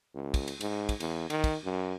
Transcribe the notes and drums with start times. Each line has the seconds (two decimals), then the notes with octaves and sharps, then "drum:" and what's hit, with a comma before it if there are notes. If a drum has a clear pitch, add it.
0.15 C#2
0.34 drum: kick, cymbal
0.48 drum: cymbal
0.61 G#2, drum: cymbal
0.89 drum: kick, cymbal
1.00 E2, drum: cymbal
1.30 D#3, drum: cymbal
1.44 drum: kick, cymbal
1.64 F#2